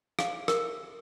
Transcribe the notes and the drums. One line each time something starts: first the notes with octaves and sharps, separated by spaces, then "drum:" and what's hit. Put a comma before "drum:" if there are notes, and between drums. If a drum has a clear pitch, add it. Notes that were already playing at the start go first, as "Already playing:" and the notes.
F5, drum: rim click
A#4, drum: rim click